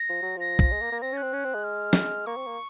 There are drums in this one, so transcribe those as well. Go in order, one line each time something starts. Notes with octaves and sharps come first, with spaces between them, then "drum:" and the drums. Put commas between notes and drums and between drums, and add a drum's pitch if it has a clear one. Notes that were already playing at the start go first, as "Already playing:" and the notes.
Already playing: A#6
F3
F#3
F3 A#6
drum: kick
G#3
A#3
A#3
C4 A#6
C#4 F#6
C4
C#4
C4
G#3
F6
drum: snare
A#3 C#6
C4
A#3